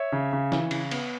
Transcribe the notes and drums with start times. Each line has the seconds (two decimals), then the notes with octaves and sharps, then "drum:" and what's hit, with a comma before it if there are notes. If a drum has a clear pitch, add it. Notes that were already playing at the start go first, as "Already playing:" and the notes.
Already playing: C#5 E5
0.12 C#3
0.33 C#3
0.52 E3, drum: snare
0.71 C#3, drum: cymbal
0.91 B3, drum: cymbal